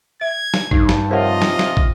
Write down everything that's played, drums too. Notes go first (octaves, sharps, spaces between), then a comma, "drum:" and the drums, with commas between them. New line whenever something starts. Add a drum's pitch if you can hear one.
E5 G#6
drum: snare
G2 D#4, drum: kick
drum: snare
C3 F3 F4 A#4 C#5 D#5 F#5
drum: snare
drum: snare
drum: kick